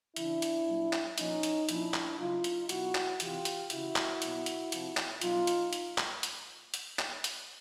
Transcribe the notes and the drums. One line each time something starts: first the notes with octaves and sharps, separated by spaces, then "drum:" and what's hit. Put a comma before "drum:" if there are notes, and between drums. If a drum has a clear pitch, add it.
C#3 E3 D4 E4, drum: hi-hat
drum: hi-hat
A#2 F#3
drum: clap
A#2 F3 C#4 D#4, drum: hi-hat
drum: hi-hat
A#2 F3 D4 E4, drum: hi-hat
drum: clap
C#3 F#3 D#4 F4
drum: hi-hat
B2 F#3 E4 F#4, drum: hi-hat
drum: clap
C3 E3 F4 G4, drum: hi-hat
drum: hi-hat
C#3 E3 E4 F#4, drum: hi-hat
drum: clap
B2 F#3, drum: hi-hat
drum: hi-hat
C3 F3, drum: hi-hat
drum: clap
B2 F#3 D#4 F4, drum: hi-hat
drum: hi-hat
drum: hi-hat
drum: clap
drum: hi-hat
drum: hi-hat
drum: clap
drum: hi-hat